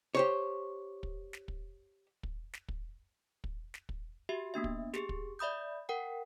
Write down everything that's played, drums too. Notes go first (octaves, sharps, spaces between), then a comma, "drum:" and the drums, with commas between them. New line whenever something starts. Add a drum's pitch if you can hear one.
G4 C5 C#5
drum: kick
drum: snare
drum: kick
drum: kick
drum: snare
drum: kick
drum: kick
drum: snare
drum: kick
F#4 G4 E5
A#3 B3 D4 E5
drum: kick
G4 G#4, drum: snare
drum: kick
D5 E5 B5 D#6 G6
A#4 F#5 G5